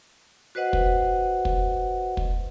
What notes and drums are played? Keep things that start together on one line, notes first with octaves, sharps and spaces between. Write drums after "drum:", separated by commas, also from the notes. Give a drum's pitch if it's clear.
F#4 B4 C5 D#5 F#5
drum: kick
drum: kick
drum: kick